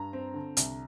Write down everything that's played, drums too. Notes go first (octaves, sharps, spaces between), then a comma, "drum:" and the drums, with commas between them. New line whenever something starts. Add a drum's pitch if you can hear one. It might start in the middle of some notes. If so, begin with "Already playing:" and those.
Already playing: G2 A#5
C4
D3
C2, drum: hi-hat